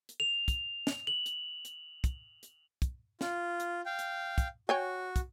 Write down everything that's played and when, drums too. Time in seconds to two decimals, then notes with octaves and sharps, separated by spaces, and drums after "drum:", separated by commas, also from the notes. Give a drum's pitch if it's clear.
0.09 drum: hi-hat
0.20 F7
0.48 drum: kick, hi-hat
0.87 drum: snare
1.07 F#7
1.26 drum: hi-hat
1.65 drum: hi-hat
2.04 drum: kick, hi-hat
2.43 drum: hi-hat
2.82 drum: kick, hi-hat
3.21 F4, drum: snare
3.60 drum: hi-hat
3.86 F5 G5
3.99 drum: hi-hat
4.38 drum: kick, hi-hat
4.69 F#4 C#5 G5 G#5
5.16 drum: kick, hi-hat